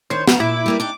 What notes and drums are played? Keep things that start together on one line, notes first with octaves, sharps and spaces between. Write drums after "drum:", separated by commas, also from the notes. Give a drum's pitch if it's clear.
D#3 D4 C5 C#5
B3 F#5 A#5, drum: snare
A#2 E4 D6
G3 A#3 B4
D4 D#4 G4 D6